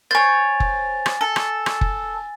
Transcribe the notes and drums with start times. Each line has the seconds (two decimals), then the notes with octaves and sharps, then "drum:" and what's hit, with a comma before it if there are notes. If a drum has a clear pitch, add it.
0.11 C5 C#5 G#5 A6
0.60 drum: kick F#1
1.06 drum: rim click
1.21 A4
1.36 drum: rim click
1.66 drum: rim click
1.81 drum: kick F#1